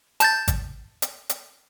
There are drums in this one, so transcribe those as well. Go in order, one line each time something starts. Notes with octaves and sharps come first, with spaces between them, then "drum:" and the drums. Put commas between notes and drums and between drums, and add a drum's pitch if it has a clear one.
A5 G6 A6, drum: hi-hat
drum: kick G#1, hi-hat
drum: hi-hat
drum: hi-hat